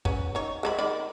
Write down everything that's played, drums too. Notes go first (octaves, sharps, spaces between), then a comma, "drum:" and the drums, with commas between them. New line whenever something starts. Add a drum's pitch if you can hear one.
C#4 B4, drum: kick
D#4 C#5
G#3 C#5 B5
D#3 D5 B5